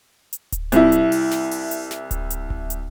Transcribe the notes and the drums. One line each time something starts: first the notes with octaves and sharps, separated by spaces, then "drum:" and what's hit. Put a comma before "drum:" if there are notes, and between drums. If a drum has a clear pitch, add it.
drum: hi-hat
drum: kick D1, hi-hat
C2 E4, drum: hi-hat
drum: hi-hat
drum: open hi-hat
drum: snare
drum: open hi-hat
drum: hi-hat
drum: snare
drum: kick D1, hi-hat
drum: hi-hat
drum: kick D1
drum: hi-hat